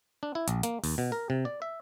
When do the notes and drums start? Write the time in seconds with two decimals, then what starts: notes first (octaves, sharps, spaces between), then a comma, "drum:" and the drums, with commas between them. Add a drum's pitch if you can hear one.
0.23 D4
0.35 E4
0.48 A#1, drum: hi-hat
0.63 A#3, drum: hi-hat
0.84 D#2, drum: open hi-hat
0.98 B2
1.12 A#4
1.30 C3
1.45 D5
1.62 E5